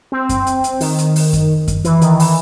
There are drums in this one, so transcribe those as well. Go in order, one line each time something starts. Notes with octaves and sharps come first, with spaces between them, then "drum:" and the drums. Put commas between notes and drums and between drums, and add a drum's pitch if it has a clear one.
C4
drum: kick F#2, hi-hat
drum: hi-hat
drum: hi-hat
D#3, drum: open hi-hat
drum: hi-hat
drum: open hi-hat
drum: kick F#2, hi-hat
drum: kick F#2, hi-hat
E3, drum: hi-hat
D#3, drum: hi-hat
E3, drum: open hi-hat